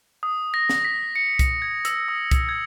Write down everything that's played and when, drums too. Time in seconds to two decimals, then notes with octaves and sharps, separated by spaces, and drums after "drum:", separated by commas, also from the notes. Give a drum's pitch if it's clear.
0.23 D#6
0.54 A#6
0.69 drum: snare
0.85 B6
1.16 C#7
1.39 B6, drum: kick C2, hi-hat
1.62 G#6
1.85 E6, drum: hi-hat
2.08 D#6
2.32 A#6, drum: kick C2, hi-hat
2.49 G#6